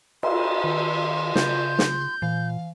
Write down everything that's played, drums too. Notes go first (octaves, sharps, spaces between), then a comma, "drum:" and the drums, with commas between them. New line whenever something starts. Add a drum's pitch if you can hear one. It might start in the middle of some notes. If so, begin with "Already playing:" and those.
C6, drum: cymbal
D#3
C#3 F4 G6, drum: snare
drum: snare
A#2 E3 F5